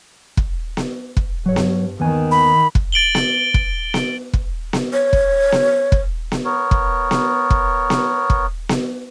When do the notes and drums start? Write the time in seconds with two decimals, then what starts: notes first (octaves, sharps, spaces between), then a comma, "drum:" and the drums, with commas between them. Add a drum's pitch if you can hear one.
0.37 drum: kick
0.77 drum: snare B3
1.17 drum: kick
1.46 G2 F#3 C#5
1.56 drum: snare B3
2.00 D#2 D#3 B3 G#5
2.31 B5
2.75 drum: kick
2.92 A6 D7 F#7 G7
3.15 drum: snare B3
3.54 drum: kick
3.94 drum: snare B3
4.33 drum: kick
4.73 drum: snare B3
4.93 C#5
5.13 drum: kick
5.52 drum: snare B3
5.92 drum: kick
6.32 drum: snare B3
6.45 B3 A#4 C#5
6.71 drum: kick
7.11 drum: snare B3
7.50 drum: kick
7.90 drum: snare B3
8.30 drum: kick
8.69 drum: snare B3